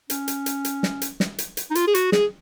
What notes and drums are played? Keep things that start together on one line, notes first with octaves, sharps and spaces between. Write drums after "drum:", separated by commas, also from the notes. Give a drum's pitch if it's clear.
C#4, drum: hi-hat
drum: hi-hat
drum: hi-hat
drum: hi-hat
drum: snare
drum: hi-hat
drum: snare
drum: hi-hat
drum: hi-hat
D#4
F4, drum: hi-hat
G#4
F#4, drum: hi-hat
G#4, drum: snare